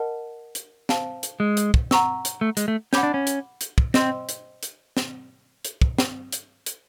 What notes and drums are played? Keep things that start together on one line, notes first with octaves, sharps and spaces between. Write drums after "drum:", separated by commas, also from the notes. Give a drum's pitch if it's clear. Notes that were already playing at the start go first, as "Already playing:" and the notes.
Already playing: A#4 D#5 F#5 A5
drum: hi-hat
C5 F5 A5, drum: snare
drum: hi-hat
G#3
drum: hi-hat
drum: kick
F#5 A#5 C#6 E6, drum: snare
drum: hi-hat
A3
G#3, drum: hi-hat
A3
C#4 F#5 B5 D6 G6, drum: snare
D4
C#4
drum: hi-hat
drum: hi-hat
drum: kick
C4 C5 D#5 G5 C6 E6, drum: snare
drum: hi-hat
drum: hi-hat
drum: snare
drum: hi-hat
drum: kick
drum: snare
drum: hi-hat
drum: hi-hat